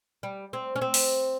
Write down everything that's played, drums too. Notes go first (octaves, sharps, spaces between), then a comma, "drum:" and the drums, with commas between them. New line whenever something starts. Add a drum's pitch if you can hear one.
G3
C4
C#4
C4
drum: open hi-hat